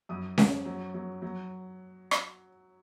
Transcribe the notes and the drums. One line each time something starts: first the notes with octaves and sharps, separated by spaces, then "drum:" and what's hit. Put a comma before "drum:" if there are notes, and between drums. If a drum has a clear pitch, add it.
F#2 D#6
C#4, drum: snare C#4
F#3
F#3
F#3
drum: rim click